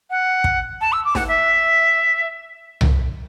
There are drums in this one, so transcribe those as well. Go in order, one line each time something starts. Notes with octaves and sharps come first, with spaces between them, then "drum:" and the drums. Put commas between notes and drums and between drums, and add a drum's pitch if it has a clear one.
F#5
drum: kick
A5
E6
D6
F#5, drum: snare
E5
drum: tom C2